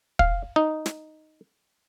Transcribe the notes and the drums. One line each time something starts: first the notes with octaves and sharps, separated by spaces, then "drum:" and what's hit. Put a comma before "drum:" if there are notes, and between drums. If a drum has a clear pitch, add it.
F5, drum: kick
D#4
drum: snare